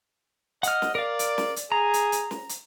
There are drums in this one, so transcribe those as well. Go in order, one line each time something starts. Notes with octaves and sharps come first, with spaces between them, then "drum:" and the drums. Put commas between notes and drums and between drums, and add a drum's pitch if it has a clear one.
D#5 F#5 F6, drum: hi-hat
drum: snare
A#4 D5 F5
drum: hi-hat
drum: snare
drum: hi-hat
G#4 A#5
drum: hi-hat
drum: hi-hat
drum: snare
drum: hi-hat